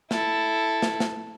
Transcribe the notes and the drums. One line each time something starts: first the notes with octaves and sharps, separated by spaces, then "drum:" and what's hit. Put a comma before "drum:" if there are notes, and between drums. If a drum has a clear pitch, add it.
E4 A4, drum: snare
drum: snare
drum: snare